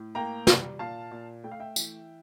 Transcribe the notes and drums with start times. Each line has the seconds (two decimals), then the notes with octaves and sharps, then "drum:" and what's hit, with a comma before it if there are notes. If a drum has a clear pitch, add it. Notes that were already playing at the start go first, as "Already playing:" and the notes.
Already playing: A2
0.15 A#3 G5 A#5
0.47 G3, drum: snare
0.79 A#2 F5 A5
1.11 A#2
1.44 A3 G5
1.51 F5
1.60 E5 G5
1.76 E3, drum: tambourine